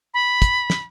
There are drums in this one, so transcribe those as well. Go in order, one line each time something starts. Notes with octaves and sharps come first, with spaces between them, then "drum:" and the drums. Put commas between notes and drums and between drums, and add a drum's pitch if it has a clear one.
B5
drum: kick, hi-hat
drum: snare